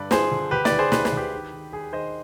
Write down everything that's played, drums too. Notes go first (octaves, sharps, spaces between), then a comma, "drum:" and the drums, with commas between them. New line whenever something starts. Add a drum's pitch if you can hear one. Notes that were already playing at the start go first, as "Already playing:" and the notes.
Already playing: G2 D3 B4 D5
F3 G#4 C5, drum: snare
D3
D2 G4 B4
B4 D5, drum: snare
D2
G#4 C5
D2 B4, drum: snare
C5, drum: snare
D2 G4 B4
D#3
D#3
D#2 G#4
D#3 C5 D#5